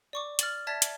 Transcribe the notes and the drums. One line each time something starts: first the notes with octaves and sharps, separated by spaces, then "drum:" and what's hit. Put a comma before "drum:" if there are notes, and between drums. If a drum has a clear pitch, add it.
D5 C#6 D6
F6 A6 F#7, drum: hi-hat
D5 E5 A5 G#6 A6 B6
drum: hi-hat